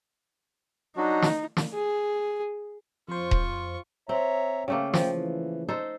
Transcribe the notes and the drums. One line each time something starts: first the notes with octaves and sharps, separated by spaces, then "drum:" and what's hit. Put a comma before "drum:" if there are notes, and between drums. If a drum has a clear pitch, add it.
F#3 D4 D#4 F#4
drum: snare
drum: snare
G#4
F2 F4 C5 C#6
drum: kick D#1
C4 C#5 E5 A#5
C#3 A3 A#3 G5
F3 G5, drum: snare
E3
D#4 A4 C5